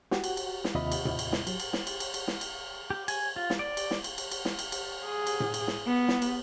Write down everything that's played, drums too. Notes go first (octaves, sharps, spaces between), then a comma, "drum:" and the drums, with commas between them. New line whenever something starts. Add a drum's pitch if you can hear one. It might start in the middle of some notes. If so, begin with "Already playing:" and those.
F#4 G4 F#5, drum: snare
drum: cymbal
drum: cymbal
drum: snare
D#2 C3 F4 D#5 E5 B5
drum: cymbal
drum: tom A2
drum: cymbal
drum: snare
F#3, drum: cymbal
drum: cymbal
drum: snare
drum: cymbal
drum: cymbal
drum: cymbal
drum: snare
drum: cymbal
G4
G#5, drum: cymbal
F4
drum: snare
D5
drum: cymbal
drum: snare
drum: cymbal
drum: cymbal
drum: cymbal
drum: snare
drum: cymbal
drum: cymbal
G#4
drum: cymbal
drum: tom A2
drum: cymbal
drum: snare
B3
drum: snare
drum: cymbal